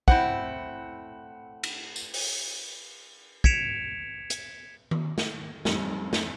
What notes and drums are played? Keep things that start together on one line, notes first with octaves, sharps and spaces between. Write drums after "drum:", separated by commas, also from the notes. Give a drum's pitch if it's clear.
A2 C4 E4 F#5, drum: kick
drum: cymbal
drum: tambourine
drum: open hi-hat
G#6 B6 C#7 D7 E7 F7, drum: kick
drum: hi-hat
drum: tom D#3
drum: snare
A1 F2 G#2 G3, drum: snare
drum: snare